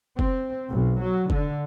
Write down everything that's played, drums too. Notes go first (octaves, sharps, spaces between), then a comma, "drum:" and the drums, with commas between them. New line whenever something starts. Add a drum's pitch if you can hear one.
C4, drum: kick
B1
F#3
D3, drum: kick